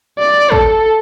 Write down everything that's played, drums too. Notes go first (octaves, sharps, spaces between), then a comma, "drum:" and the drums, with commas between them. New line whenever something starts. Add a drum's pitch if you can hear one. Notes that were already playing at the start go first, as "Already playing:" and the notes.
D5
A4, drum: kick